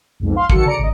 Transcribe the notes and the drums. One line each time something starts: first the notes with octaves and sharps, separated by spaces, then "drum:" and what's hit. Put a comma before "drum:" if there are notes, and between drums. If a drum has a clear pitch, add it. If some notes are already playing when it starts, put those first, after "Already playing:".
B1 F2 G#2
F5 C6
D#3 F#3 A4 C#7, drum: kick
C#3 D5 A#5 C#7 D7
G#1 D#5